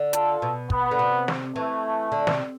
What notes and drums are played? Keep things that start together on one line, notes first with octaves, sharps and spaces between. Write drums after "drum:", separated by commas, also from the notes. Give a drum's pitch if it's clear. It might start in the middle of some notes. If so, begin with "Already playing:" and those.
Already playing: D3
F4 A4, drum: hi-hat
B2
B3, drum: kick
D3
C3
drum: snare
E3 A3
D3
C3, drum: snare